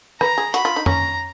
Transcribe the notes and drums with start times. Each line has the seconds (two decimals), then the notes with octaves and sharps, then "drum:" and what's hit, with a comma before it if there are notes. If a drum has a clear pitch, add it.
0.21 B4 A#5, drum: rim click
0.38 G#4
0.54 F#4 B5, drum: hi-hat
0.65 F4
0.76 D#4
0.86 C#4 A#5, drum: tom F2